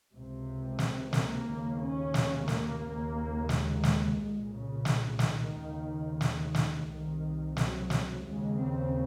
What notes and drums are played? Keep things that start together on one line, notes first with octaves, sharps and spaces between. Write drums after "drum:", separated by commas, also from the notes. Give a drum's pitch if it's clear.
C#2 C3
drum: snare
A#3, drum: snare
D#2 C#3
C#4
drum: snare
A#3, drum: snare
D#2 C#3
G#3, drum: snare
drum: snare
C2 A#2
C#3
drum: snare
D#3, drum: snare
D#2 C#3
D#3, drum: snare
drum: snare
C2 C3 D#3
F#3, drum: snare
drum: snare
D#2 C#3 G#3
C4